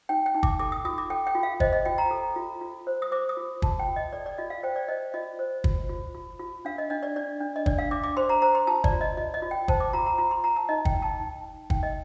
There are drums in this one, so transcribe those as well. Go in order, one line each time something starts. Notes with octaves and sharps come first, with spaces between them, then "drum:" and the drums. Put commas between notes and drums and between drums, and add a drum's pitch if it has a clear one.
D#4 G5
G5
D#4
D6, drum: kick
A4 D6
D#6
F4 D#6
D6
A4 G5
G5
F4
F5
C5 D#5, drum: kick
D#5
F4 G5
A#5
A4
F4
F4
C5
D#6
C5 D6
D#6
F4
F4 A5, drum: kick
G5
F4
D#5
A4 D5
D5
F4 D#5
F5
C5 G5
D5
C5 D#5
F4 D#5
C5
F4, drum: kick
F4
F4
F4
D4 F5
D#5
D4 D#5
D5
D4 D5
D4
D#5
D4 D5, drum: kick
F5
D4 D6
D6
C5 C6
A#5
C5 A#5
C6
F4 A5
D5, drum: kick
F4
D#5
F4 D#5
D#5
F4
G5
C5 A5, drum: kick
D6
F4 A#5
A#5
F4 A#5
C6
F4 A#5
A5
D#4 D#5
G5, drum: kick
D#4
A5
D#4
D#4
D#4 G5, drum: kick
D#5